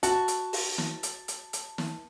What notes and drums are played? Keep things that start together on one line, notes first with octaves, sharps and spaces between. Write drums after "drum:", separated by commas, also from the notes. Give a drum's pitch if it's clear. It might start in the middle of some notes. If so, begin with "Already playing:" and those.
F#4 A5, drum: hi-hat
drum: hi-hat
drum: open hi-hat
drum: snare
drum: hi-hat
drum: hi-hat
drum: hi-hat
drum: snare